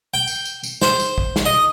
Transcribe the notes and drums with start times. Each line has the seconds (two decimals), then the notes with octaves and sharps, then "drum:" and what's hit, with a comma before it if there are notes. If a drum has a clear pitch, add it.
0.14 G5
0.27 drum: tambourine
0.45 drum: tambourine
0.64 drum: tambourine
0.82 C5, drum: snare
1.00 drum: tambourine
1.18 drum: kick
1.36 drum: snare
1.45 D#5